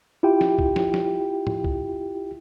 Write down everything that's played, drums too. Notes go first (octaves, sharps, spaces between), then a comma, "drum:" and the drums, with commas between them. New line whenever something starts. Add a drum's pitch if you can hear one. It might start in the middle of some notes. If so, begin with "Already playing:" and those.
E4 F4 G4 G5
drum: snare
drum: kick C2
drum: snare
drum: snare
drum: tom
drum: kick C2